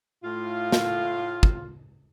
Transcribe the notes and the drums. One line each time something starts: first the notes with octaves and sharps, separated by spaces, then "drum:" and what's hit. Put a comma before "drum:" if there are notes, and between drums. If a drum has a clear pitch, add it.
A2 F4
drum: snare
drum: kick